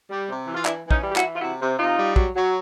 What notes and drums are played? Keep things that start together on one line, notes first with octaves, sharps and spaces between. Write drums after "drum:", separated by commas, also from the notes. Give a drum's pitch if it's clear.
G3
C3
E3
F4
E3 D4 E4, drum: clap
E3
C#4 D#4, drum: kick
G3
G4
E4 F#4, drum: clap
E3
F4
C3 E4 F#4
C3
C3 D#4 F4
G3
F#3, drum: kick
F#3